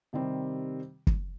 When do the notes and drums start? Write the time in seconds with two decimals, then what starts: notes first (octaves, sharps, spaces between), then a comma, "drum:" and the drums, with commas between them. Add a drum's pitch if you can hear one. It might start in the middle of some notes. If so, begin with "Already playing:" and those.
0.13 C3 D#3 G3 C4
1.07 drum: kick